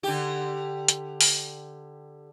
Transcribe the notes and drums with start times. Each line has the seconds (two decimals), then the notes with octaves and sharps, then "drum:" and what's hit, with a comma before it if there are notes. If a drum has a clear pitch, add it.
0.03 D3 G4
0.88 drum: hi-hat
1.21 drum: open hi-hat